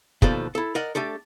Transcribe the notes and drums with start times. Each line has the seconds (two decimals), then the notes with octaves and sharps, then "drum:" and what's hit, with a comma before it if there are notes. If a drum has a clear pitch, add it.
0.22 D#2 B2 F3 A4 D5, drum: kick
0.55 E4 A4
0.75 A#4 D5 D#5 F#5
0.95 A3 D4 G4 A4